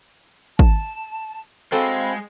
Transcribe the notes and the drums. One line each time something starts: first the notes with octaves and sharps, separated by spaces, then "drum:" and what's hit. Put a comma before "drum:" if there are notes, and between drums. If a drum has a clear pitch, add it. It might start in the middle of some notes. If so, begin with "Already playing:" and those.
A5, drum: kick
G#3 C4 F#4 A4 F5 B5